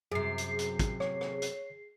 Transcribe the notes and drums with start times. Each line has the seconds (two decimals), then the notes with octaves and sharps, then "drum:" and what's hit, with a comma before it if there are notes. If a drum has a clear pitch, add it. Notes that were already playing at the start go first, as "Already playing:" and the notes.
0.12 F#2 C3 G#4 C7
0.38 drum: hi-hat
0.59 drum: hi-hat
0.79 drum: kick, hi-hat
1.00 C#5, drum: rim click
1.21 drum: rim click
1.42 drum: hi-hat